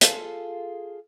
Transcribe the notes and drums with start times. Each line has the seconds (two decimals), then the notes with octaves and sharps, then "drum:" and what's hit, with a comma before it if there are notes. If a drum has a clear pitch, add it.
0.01 F4 G#4 A4, drum: hi-hat